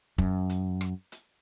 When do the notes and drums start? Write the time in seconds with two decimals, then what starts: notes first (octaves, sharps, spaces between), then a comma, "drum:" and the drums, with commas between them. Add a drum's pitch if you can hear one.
0.18 F#2, drum: kick
0.50 drum: hi-hat
0.81 drum: rim click
1.12 drum: hi-hat